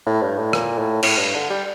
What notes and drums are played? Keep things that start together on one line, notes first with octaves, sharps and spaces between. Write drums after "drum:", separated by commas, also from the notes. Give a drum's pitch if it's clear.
A2
G2
A2
A#2, drum: rim click
A2
A2, drum: cymbal
G2
D3
G3